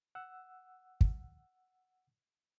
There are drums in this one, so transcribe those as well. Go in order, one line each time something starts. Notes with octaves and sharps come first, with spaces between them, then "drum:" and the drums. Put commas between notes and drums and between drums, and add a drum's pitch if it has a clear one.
F#5 E6
drum: kick